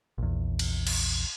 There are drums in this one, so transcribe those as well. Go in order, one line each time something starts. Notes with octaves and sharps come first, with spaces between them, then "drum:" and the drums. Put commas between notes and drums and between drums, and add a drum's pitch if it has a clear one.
A#1 E2
drum: cymbal
drum: cymbal